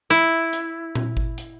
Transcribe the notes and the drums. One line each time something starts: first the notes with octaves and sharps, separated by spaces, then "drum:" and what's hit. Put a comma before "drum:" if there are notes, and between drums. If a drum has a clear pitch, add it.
E4, drum: hi-hat
drum: hi-hat
drum: tom A#2
drum: kick G#1
drum: hi-hat